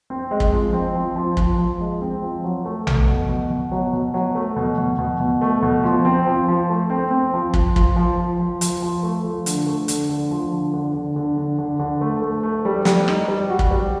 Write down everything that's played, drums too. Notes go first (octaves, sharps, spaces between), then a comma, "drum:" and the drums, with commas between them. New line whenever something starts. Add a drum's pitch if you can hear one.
C4
G#3
drum: kick
F3
C4
F3
F3
F3, drum: kick
F3
G#3
C4
F3
F#3
A3
A3, drum: tom A#1
B2
B2
B2
F#3
B2
F#3
A3
B2
B2
B2
B2
A3
B2
F3
C4
F3
F3
A3
C4
C4
F3
F3, drum: kick
F3, drum: kick
F3
F3
F3
F3, drum: hi-hat
F3
A3
F3
D3, drum: hi-hat
A3
D3, drum: hi-hat
D3
F3
D3
D3
D3
D3
D3
D3
D3
A3
A3
A3
G3
G3, drum: snare
D#4, drum: rim click
G3
F#4
drum: kick
G3